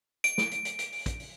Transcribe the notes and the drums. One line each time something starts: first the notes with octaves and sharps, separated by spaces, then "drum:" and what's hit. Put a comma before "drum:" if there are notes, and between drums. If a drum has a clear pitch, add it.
D7, drum: hi-hat
drum: snare
drum: hi-hat
drum: hi-hat
drum: hi-hat
drum: open hi-hat
drum: kick, hi-hat
drum: open hi-hat